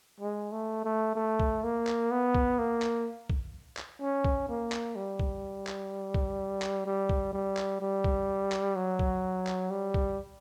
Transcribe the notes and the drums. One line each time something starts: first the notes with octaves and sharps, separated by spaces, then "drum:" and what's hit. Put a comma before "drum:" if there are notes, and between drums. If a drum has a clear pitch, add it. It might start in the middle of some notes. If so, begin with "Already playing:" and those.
G#3
A3
A3
A3
drum: kick B1
A#3
drum: clap
B3
drum: kick B1
A#3
drum: clap
drum: kick B1
drum: clap
C#4
drum: kick B1
A#3
drum: clap
G3
drum: kick B1
drum: clap
drum: kick B1
drum: clap
G3
drum: kick B1
G3
drum: clap
G3
drum: kick B1
drum: clap
F#3
drum: kick B1
drum: clap
G3
drum: kick B1